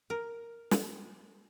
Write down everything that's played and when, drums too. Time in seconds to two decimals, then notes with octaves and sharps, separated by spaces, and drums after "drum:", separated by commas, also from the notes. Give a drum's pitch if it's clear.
0.10 A#4
0.71 drum: snare